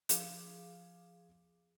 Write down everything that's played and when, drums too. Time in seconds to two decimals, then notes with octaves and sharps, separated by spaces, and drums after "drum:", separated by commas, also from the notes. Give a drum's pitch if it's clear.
0.09 F3 G#4 F5 D6, drum: hi-hat